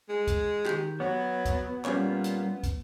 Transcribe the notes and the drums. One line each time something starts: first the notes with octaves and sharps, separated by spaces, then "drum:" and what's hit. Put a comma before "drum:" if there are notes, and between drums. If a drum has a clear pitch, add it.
G#3
drum: kick, hi-hat
D#3 G4, drum: clap
F#3 B3 C#5
drum: kick, hi-hat
A#2 G3 C#4 C#5, drum: clap
drum: hi-hat
drum: kick, hi-hat